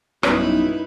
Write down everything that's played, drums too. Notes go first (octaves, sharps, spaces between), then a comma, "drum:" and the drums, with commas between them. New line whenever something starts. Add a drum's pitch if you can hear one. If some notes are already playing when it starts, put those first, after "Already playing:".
B1 G2 C#4 D#4 E4 B4 D#6, drum: rim click